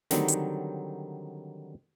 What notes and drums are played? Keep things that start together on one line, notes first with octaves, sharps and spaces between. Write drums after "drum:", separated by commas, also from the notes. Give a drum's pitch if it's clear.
D3 D#3 F#3 G3 C4 D#4, drum: snare
drum: hi-hat